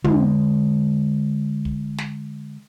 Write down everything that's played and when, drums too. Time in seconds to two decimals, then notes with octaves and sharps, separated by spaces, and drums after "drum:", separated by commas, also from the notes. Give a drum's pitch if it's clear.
0.04 D3 G#3, drum: tom
1.65 drum: kick
1.98 drum: snare